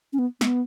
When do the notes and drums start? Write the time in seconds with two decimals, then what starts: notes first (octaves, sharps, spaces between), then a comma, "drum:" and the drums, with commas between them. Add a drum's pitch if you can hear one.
0.13 C#4
0.19 B3
0.41 B3, drum: snare